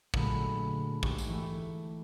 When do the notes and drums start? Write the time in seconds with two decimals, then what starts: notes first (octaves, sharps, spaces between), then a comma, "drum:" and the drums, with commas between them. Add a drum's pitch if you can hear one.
0.14 A#2 D3 F#3 G#3 A3 B3, drum: kick
1.03 G#1 D2 G#3 G4 C#6 C#7, drum: kick
1.18 drum: tambourine
1.28 E3 A3